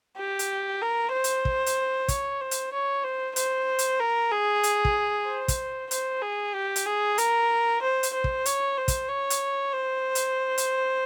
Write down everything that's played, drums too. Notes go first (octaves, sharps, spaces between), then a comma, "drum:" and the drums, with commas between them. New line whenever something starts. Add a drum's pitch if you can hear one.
G4
drum: hi-hat
A#4
C5
drum: hi-hat
drum: kick
drum: hi-hat
C#5, drum: kick, hi-hat
C5
drum: hi-hat
C#5
C5
C5, drum: hi-hat
drum: hi-hat
A#4
G#4
drum: hi-hat
drum: kick
C5
drum: kick, hi-hat
C5, drum: hi-hat
G#4
G4
drum: hi-hat
G#4
A#4, drum: hi-hat
C5
drum: hi-hat
C5
drum: kick
C#5, drum: hi-hat
C5
drum: kick, hi-hat
C#5
drum: hi-hat
C5
drum: hi-hat
drum: hi-hat